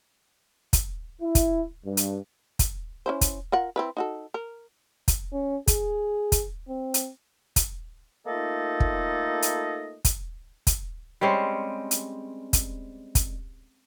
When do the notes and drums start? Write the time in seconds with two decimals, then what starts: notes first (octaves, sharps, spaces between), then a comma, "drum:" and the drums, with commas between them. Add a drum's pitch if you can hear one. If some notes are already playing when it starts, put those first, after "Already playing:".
0.73 drum: kick, hi-hat
1.21 E4
1.35 drum: kick, hi-hat
1.84 G2
1.97 drum: hi-hat
2.59 drum: kick, hi-hat
3.06 C#4 E4 C5
3.21 drum: kick, hi-hat
3.52 F4 A#4 F#5
3.76 C4 E4 B4
3.97 D#4 F#4 A4
4.34 A#4
5.08 drum: kick, hi-hat
5.33 C#4
5.67 G#4, drum: kick, hi-hat
6.32 drum: kick, hi-hat
6.69 C4
6.94 drum: hi-hat
7.56 drum: kick, hi-hat
8.26 A3 A#3 D#4 F4 A4 D#5
8.80 drum: kick
9.42 drum: hi-hat
10.05 drum: kick, hi-hat
10.67 drum: kick, hi-hat
11.21 G3 G#3 C4 C#4
11.91 drum: hi-hat
12.53 drum: kick, hi-hat
13.15 drum: kick, hi-hat